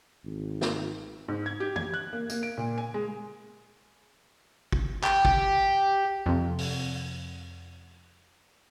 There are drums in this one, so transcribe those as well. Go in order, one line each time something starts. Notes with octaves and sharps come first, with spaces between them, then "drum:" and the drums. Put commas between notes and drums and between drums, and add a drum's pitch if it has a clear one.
G#1
drum: snare
G#2
G#6
G4
G#6, drum: tom
F#6
A#3
A#3, drum: tambourine
D7
A#2
G#5
G#3
drum: kick
G4, drum: clap
drum: kick
F2 C3
drum: open hi-hat